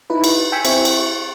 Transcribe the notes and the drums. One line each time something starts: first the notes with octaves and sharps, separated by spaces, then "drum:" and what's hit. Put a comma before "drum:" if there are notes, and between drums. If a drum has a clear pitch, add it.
D#4 E4 B4
drum: cymbal
G5 G#5 E6 B6 C#7
C4 E4 C#6, drum: cymbal
drum: cymbal